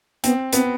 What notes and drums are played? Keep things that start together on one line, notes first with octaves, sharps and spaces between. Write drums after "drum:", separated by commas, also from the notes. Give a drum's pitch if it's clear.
B3 C4, drum: hi-hat
B3 C4, drum: hi-hat